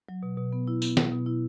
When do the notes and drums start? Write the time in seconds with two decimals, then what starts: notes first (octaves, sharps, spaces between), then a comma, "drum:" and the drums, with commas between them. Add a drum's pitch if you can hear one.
0.09 F#3
0.23 B2
0.38 B2
0.52 B3
0.67 E4
0.82 B3, drum: tambourine
0.97 B3, drum: snare
1.12 B2
1.26 E4